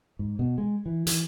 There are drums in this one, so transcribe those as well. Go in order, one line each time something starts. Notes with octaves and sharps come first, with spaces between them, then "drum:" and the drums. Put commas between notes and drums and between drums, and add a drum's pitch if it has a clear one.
G#2
B2
G#3
E3
E3, drum: hi-hat